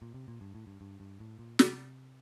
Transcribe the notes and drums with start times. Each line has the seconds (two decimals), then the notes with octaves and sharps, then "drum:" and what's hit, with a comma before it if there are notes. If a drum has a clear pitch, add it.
0.02 A#2
0.14 C3
0.28 A#2
0.41 G2
0.55 A2
0.67 G2
0.81 G2
1.00 G2
1.20 A2
1.39 A#2
1.59 C3, drum: snare